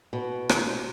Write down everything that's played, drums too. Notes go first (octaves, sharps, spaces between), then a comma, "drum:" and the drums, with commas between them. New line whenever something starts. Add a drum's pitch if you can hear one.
B2
drum: rim click